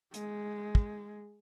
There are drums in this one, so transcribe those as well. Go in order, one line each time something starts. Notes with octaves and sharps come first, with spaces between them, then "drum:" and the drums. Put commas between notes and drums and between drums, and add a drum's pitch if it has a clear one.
G#3, drum: hi-hat
drum: kick